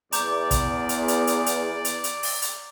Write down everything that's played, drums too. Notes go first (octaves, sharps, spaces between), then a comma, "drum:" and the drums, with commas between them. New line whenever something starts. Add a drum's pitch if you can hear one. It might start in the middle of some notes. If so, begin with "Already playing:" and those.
E2 D5 A#5 D6 G6, drum: hi-hat
drum: kick, hi-hat
drum: hi-hat
drum: hi-hat
drum: hi-hat
drum: hi-hat
drum: hi-hat
drum: hi-hat
drum: open hi-hat
drum: hi-hat